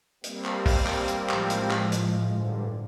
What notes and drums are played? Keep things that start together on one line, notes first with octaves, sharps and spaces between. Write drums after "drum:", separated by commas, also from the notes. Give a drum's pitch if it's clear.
G3 A#3 C4, drum: hi-hat
drum: clap
drum: kick, open hi-hat
drum: clap
drum: hi-hat
A2 F3 G#3, drum: clap
drum: hi-hat
drum: clap
drum: hi-hat
G2 D3